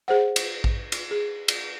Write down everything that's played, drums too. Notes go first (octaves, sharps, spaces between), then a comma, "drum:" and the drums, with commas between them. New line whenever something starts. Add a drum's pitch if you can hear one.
G#4 C5 F#5
drum: cymbal
drum: kick A1
drum: cymbal
G#4
drum: cymbal